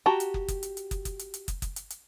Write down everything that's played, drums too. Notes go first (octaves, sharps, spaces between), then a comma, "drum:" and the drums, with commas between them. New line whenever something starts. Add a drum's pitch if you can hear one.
F#4 G4 A5 A#5
drum: hi-hat
drum: kick
drum: kick, hi-hat
drum: hi-hat
drum: hi-hat
drum: kick, hi-hat
drum: kick, hi-hat
drum: hi-hat
drum: hi-hat
drum: kick, hi-hat
drum: kick, hi-hat
drum: hi-hat
drum: hi-hat